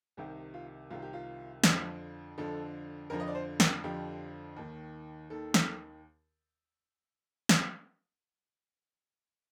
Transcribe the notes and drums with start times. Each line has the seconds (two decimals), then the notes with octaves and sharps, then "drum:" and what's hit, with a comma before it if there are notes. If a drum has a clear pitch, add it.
0.17 C2 C3 D#3 G4
0.54 F4
0.90 C2 C3 D#3 F4
1.02 G4
1.13 F4
1.64 F2 D3 F3, drum: snare
2.38 F2 D3 F3 A4
3.10 F2 D3 F3 A#4
3.20 D#5
3.28 D5
3.35 C5
3.60 A#4, drum: snare
3.84 F2 D3 F3 G4
4.56 D#2 D#3
5.30 D#2 D#3 A4
5.54 drum: snare
7.49 drum: snare